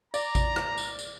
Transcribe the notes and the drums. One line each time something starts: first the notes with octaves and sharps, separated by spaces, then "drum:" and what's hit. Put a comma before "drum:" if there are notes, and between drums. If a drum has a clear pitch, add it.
D5 A#5, drum: tambourine
drum: kick A1, tambourine
drum: rim click
drum: tambourine
drum: tambourine